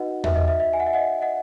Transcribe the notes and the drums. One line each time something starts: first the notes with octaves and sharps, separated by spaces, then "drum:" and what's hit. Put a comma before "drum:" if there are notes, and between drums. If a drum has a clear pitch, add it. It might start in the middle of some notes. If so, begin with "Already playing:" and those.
Already playing: D#4 F#4 B4 D#5 F#5
E5, drum: tom E2
D#5
E5
E5
G#5
F#5
E5
D#5 F#5
D#5 F#5